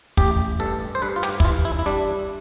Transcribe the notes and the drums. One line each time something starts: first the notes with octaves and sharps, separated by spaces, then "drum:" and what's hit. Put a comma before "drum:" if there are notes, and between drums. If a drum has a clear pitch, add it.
A1 G4, drum: kick
G2 A4
C5
G2 B4
F4
G4, drum: hi-hat
E4, drum: kick
E3 F4
E4
E4
G3 D4